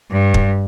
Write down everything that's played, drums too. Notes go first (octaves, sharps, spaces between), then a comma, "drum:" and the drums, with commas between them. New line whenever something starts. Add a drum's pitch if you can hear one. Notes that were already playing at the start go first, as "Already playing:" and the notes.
G2
drum: kick